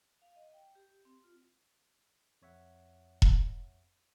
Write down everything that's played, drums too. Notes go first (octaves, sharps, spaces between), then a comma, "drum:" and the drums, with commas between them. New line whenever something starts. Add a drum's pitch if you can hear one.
F5
D#5
G5
G4
C4
F4
F2 C#5 E5 F#5
drum: kick E1